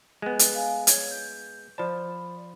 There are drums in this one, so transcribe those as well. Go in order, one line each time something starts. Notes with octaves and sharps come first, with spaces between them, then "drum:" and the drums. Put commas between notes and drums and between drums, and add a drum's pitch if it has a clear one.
G#3 B3
drum: hi-hat
F5 G#5
C#5 G#6, drum: hi-hat
G6
F3 C5 D5 A5 B5